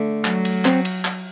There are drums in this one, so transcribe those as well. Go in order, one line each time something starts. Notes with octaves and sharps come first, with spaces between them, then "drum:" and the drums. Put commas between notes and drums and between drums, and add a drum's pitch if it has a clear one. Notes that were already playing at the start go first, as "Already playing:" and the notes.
Already playing: D3 A3
F#3, drum: clap
drum: cymbal
C4, drum: clap
drum: cymbal
drum: clap